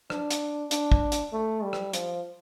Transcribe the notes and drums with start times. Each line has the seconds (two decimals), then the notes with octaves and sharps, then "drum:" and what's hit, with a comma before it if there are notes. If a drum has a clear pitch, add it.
0.10 D4, drum: rim click
0.30 drum: hi-hat
0.71 D4, drum: hi-hat
0.92 drum: kick
1.12 drum: hi-hat
1.32 A3
1.63 G3
1.73 drum: rim click
1.93 F3, drum: hi-hat